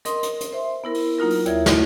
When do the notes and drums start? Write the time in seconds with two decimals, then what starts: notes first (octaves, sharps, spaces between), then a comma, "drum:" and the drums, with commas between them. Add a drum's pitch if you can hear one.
0.05 A#4 D#5 C6 D#6, drum: hi-hat
0.23 drum: hi-hat
0.41 drum: hi-hat
0.53 C5 E5 C6
0.84 B3 E4 A#4
0.94 drum: open hi-hat
1.19 F#3 A#3 D#4 F4 A#4
1.30 drum: open hi-hat
1.46 D#2 E4 C#5 D5 E5 G#6, drum: hi-hat
1.66 A3 D#4 E4 F#4 G4, drum: snare